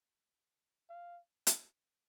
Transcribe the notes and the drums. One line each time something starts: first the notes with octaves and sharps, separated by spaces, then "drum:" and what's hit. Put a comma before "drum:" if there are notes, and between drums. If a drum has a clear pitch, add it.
F5
drum: hi-hat